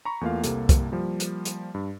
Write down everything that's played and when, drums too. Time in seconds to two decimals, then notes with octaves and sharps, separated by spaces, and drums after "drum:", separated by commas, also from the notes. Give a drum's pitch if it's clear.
0.05 A#5 B5 C#6
0.21 E2 A3 A#3 F4 F5
0.44 C2 C3 A#3 A4, drum: hi-hat
0.69 drum: kick, hi-hat
0.91 F3 G3 A#3
1.20 drum: hi-hat
1.45 drum: hi-hat
1.74 G2